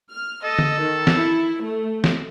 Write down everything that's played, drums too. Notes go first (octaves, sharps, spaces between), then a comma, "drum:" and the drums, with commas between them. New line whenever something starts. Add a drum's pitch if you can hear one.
F6
A4 D#5
drum: tom
D#3
drum: snare
E4
A3
drum: snare